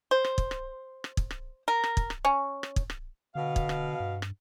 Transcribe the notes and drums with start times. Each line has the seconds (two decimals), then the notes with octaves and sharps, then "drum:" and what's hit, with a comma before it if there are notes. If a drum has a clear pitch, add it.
0.11 C5
0.24 drum: rim click
0.38 drum: kick
0.51 drum: rim click
1.04 drum: rim click
1.17 drum: kick
1.31 drum: rim click
1.68 A#4
1.84 drum: rim click
1.97 drum: kick
2.10 drum: rim click
2.25 C#4
2.63 drum: rim click
2.76 drum: kick
2.90 drum: rim click
3.35 B2 D3 F5
3.56 drum: kick
3.69 drum: rim click
4.00 G2
4.22 drum: rim click